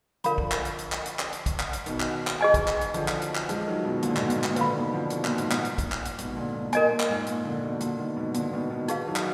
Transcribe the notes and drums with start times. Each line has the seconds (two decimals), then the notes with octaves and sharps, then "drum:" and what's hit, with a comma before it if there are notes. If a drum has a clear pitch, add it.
0.24 D3 F3 A#4 F5 B5, drum: hi-hat
0.38 drum: kick
0.52 drum: clap
0.65 drum: hi-hat
0.79 drum: hi-hat
0.92 drum: clap
1.06 drum: hi-hat
1.19 drum: clap
1.33 drum: hi-hat
1.46 drum: kick, hi-hat
1.60 drum: clap
1.73 drum: hi-hat
1.86 B2 D#3, drum: hi-hat
2.00 drum: clap
2.27 drum: clap
2.41 G#4 D#5 G#5
2.54 drum: kick, hi-hat
2.68 drum: clap
2.81 drum: hi-hat
2.94 D3 F3, drum: hi-hat
3.08 drum: clap
3.22 drum: hi-hat
3.35 drum: clap
3.49 F3 G#3, drum: hi-hat
3.67 D#3 F#3
3.85 B2 D#3
4.03 A#2 D3, drum: hi-hat
4.16 G#2 B2, drum: clap
4.30 A#2, drum: hi-hat
4.44 A#2, drum: clap
4.56 A#2 D3 B4 F5 B5, drum: hi-hat
4.74 B2 D#3
4.92 D3 F3
5.10 B2 D#3, drum: hi-hat
5.25 A#2, drum: clap
5.38 G#2, drum: hi-hat
5.51 A#2, drum: clap
5.65 drum: hi-hat
5.78 drum: kick, hi-hat
5.92 drum: clap
6.05 drum: hi-hat
6.18 G#2 B2, drum: hi-hat
6.36 A#2 D3
6.55 G#2 B2
6.73 A#2 A#4 D#5 G#5, drum: hi-hat
6.90 A#2
7.00 drum: clap
7.09 G#2
7.27 A#2, drum: hi-hat
7.45 A#2 D3
7.63 G#2 B2
7.81 A#2 D3, drum: hi-hat
7.98 B2 D#3
8.17 G#2 B2
8.34 A#2 D3, drum: hi-hat
8.53 B2 D#3
8.70 B2 D#3
8.88 D#4 G#4 B4 F5, drum: hi-hat
9.07 D#3 F#3
9.16 drum: clap